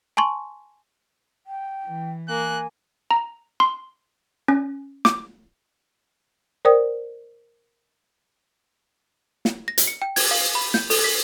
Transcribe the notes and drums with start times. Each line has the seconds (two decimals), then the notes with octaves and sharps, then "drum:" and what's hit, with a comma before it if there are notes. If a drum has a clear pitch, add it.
0.17 G#5 A5 C6 C#6
1.47 G5
1.85 E3
2.29 A#3 G#5 F#6
3.11 A#5
3.60 C6
4.48 C#4
5.05 D6, drum: snare
6.65 A#4 C5 D5 G5 D#6
9.45 drum: snare
9.68 A#6
9.78 drum: hi-hat
9.87 C#7
10.02 G5
10.16 G#6, drum: open hi-hat
10.31 F5
10.55 B5
10.74 G6, drum: snare
10.90 A4, drum: open hi-hat
11.04 B6